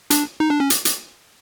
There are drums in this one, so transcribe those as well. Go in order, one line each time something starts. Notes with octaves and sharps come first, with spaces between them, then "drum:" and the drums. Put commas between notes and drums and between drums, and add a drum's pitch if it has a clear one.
D4, drum: hi-hat
D#4
D4
C#4
drum: hi-hat
drum: hi-hat